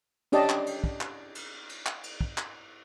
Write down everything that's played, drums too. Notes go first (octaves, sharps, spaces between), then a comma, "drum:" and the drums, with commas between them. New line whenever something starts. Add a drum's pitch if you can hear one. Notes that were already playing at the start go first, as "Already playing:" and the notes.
C#4 D4 G4 D5 D#5 A5, drum: cymbal
drum: clap
drum: cymbal
drum: kick
drum: clap
drum: cymbal
drum: cymbal
drum: clap
drum: cymbal
drum: kick
drum: clap